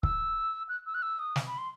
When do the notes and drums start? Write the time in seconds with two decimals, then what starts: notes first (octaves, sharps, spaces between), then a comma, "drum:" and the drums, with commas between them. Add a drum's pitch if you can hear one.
0.03 E6, drum: kick
0.69 F#6
0.86 E6
0.94 F#6
1.02 E6
1.19 D#6
1.36 drum: snare
1.47 B5
1.58 C6